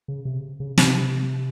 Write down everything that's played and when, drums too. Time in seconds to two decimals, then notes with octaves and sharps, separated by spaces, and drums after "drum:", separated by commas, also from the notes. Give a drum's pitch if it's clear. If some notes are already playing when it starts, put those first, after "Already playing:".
0.08 C#3
0.25 C3
0.60 C#3
0.78 C3, drum: snare